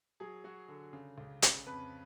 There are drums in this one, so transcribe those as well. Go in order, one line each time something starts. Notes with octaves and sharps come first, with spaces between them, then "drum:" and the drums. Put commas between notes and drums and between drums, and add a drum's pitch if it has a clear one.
F#3 G#4
F#3 F#4
D3
C#3
C#2
C#3, drum: hi-hat
F2 B4